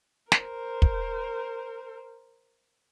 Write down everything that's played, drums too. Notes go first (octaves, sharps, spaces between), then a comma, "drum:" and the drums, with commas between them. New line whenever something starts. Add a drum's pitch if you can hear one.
A#4 C5, drum: snare
drum: kick